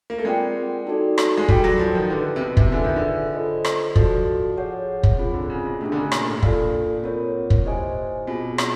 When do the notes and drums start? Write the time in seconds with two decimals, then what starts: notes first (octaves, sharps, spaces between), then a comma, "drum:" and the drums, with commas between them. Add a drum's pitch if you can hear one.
0.10 A#3
0.19 A3
0.25 G#3 C4 F4 A#4 D5 G5
0.87 D#4 F#4 A4 D5
1.18 drum: rim click
1.37 G#3
1.48 G3 F#4 A4 D5 G5, drum: kick
1.64 F#3
1.79 F3
1.95 D#3
2.10 D3 E4 G4 B4
2.36 C3
2.41 B2
2.57 C3, drum: kick
2.72 D3 F4 G#4 B4 E5 G#5
2.84 D#3
2.96 D3
3.33 F4 A4 C5 D#5
3.65 drum: rim click
3.96 F3 F#4 A4 D5, drum: kick
4.58 G#4 C#5 F#5
5.03 drum: kick
5.18 C4 F4 G#4
5.34 D3
5.50 C#3
5.65 B2
5.81 C3 A3 D4 G4
5.92 D3
5.96 C#3
6.12 A#2, drum: rim click
6.27 A2
6.37 A2
6.42 A#2 F4 A4 D5 F5, drum: kick
7.03 C4 F4 A#4 C#5
7.50 drum: kick
7.65 E4 G4 C5 D#5 G#5
8.27 B2 C4 F4 G#4
8.58 drum: rim click